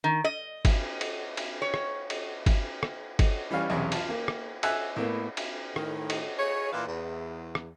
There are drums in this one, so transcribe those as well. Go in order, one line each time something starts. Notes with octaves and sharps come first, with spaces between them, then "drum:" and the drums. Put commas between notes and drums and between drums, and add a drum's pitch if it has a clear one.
D#3
D#5
drum: kick G1, cymbal
drum: cymbal
drum: cymbal
C#5
drum: rim click
drum: cymbal
drum: kick G1, cymbal
drum: rim click
drum: kick G1, cymbal
E3 G3 C#4 F5
B1 E2 C3 C#4
F4 A5, drum: cymbal
A#3
drum: rim click
E5 G#5 E6 F#6, drum: cymbal
A2 A#3 B3
drum: cymbal
A2 D#3, drum: rim click
drum: cymbal
G#4 C#5
A#2 E3 D5 F5
E2
drum: rim click